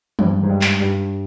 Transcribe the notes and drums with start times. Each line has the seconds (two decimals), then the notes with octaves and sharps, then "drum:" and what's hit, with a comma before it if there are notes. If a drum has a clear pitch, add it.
0.19 G2, drum: tom D#3
0.43 G#2
0.49 G2
0.61 drum: clap
0.80 G2